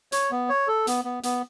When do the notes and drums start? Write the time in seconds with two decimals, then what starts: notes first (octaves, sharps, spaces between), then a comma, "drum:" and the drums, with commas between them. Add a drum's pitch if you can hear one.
0.12 C#5, drum: hi-hat
0.31 B3
0.49 C#5
0.68 A4
0.87 B3, drum: hi-hat
1.05 B3
1.23 B3, drum: hi-hat